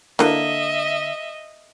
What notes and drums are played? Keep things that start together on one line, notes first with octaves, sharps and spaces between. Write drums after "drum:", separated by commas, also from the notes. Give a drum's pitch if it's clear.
D3 A#3 D#5 E5, drum: snare E4